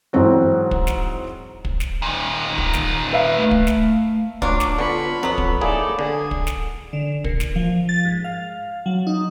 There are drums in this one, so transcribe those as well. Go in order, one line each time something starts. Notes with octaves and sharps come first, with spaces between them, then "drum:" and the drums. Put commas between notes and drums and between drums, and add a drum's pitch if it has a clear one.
G#2 E3 F#3 C4 F#4
drum: kick
drum: snare
drum: kick
drum: snare
A#2 D#3
drum: kick
drum: snare
B4 E5 F5
A3
drum: kick
drum: snare
F#3 D4 F4 D6, drum: kick
drum: snare
D3 B3 F4 B5 C#6
F2 F#3 B3
drum: kick
A#3 D#4 E4 G#4 A4 D5
D3 G#4
drum: kick
drum: snare
D3
A#2, drum: kick
drum: snare
F3
A6
G#2
F5
F#3
D#4